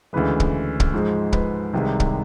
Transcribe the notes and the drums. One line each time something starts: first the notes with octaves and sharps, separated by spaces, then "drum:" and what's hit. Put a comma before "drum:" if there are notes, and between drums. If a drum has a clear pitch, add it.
D2 C#3 E3 G#3 B4
drum: kick
drum: kick
G#2 F3 G#3 C5
B4, drum: kick
C2 C3 D#3 G#3
drum: kick